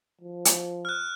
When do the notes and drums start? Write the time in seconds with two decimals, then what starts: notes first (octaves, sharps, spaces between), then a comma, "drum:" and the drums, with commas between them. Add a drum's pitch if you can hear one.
0.21 F3
0.45 drum: hi-hat
0.85 F6 F#6